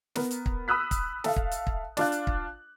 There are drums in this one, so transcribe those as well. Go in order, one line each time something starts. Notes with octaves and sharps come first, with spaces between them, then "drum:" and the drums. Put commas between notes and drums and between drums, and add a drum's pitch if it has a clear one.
B3 A#4, drum: snare
drum: hi-hat
drum: kick
B5 D#6 E6 F#6 B6
drum: kick, hi-hat
A4 E5 F5, drum: snare
drum: kick
drum: hi-hat
drum: kick
D4 F4 F#6, drum: snare
drum: hi-hat
drum: kick